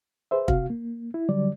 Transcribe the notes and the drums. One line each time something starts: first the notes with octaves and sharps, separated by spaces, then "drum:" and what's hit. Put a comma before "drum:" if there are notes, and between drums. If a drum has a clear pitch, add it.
G#4 B4 C5 E5
C3 F#4 F5, drum: kick
A#3
E4
D3 F#3 G3 D5